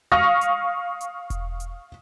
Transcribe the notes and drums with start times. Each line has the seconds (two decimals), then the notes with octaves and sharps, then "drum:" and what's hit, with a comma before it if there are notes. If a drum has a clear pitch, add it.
0.12 F5 C#6 D#6 F6 A#6
0.41 drum: hi-hat
1.01 drum: hi-hat
1.30 drum: kick E1, hi-hat
1.60 drum: hi-hat